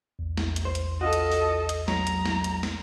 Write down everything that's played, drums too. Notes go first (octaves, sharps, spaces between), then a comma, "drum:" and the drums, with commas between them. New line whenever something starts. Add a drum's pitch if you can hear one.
A#1 E2
drum: snare
drum: hi-hat
C5
drum: hi-hat
F4 F#4 A4 D#5
drum: hi-hat
drum: open hi-hat
drum: hi-hat
F#3 A#5, drum: snare
drum: hi-hat
drum: snare
drum: hi-hat
drum: snare